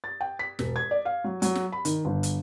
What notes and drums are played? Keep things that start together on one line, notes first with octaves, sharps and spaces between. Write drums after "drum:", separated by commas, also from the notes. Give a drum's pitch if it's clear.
A6
G5
B6
E1, drum: snare
G#6
D5
F5
F#3
F#3, drum: hi-hat
drum: snare
B5
D#3, drum: hi-hat
G1
drum: hi-hat